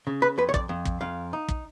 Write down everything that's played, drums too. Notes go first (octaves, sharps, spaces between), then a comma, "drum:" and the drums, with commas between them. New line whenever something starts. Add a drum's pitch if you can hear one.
C#3
B4
F2 B4
C#5
D5, drum: kick
F2
drum: kick
F2 F5
D#4
drum: kick